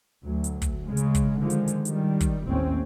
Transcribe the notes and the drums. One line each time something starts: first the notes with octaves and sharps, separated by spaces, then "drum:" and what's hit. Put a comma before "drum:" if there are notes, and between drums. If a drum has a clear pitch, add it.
D2 F#3
drum: hi-hat
drum: kick, hi-hat
C#3 G#3
drum: hi-hat
drum: kick, hi-hat
D3 D#3 F3 G#3
drum: hi-hat
drum: hi-hat
D#3 G3, drum: hi-hat
drum: kick, hi-hat
A1 D#2 C4 C#4